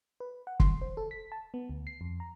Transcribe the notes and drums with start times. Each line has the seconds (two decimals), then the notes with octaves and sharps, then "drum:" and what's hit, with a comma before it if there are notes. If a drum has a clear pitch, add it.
0.20 B4
0.47 F#5
0.60 C6, drum: kick
0.81 C5
0.97 A4
1.11 B6
1.32 A5
1.54 B3
1.69 D2
1.87 C7
2.01 F2
2.20 A#5